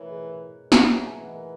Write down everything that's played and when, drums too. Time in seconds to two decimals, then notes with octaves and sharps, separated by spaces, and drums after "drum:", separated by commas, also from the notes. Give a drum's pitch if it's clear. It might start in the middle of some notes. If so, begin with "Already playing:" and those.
Already playing: E3 A#4 B4 C#5 D#5
0.09 G#4
0.24 A#4
0.72 F#3 G#4 B4, drum: snare
0.84 E5 G#5
0.95 F#5 A#5
1.06 E5 G#5
1.18 E3 D#5 F#5
1.34 A#4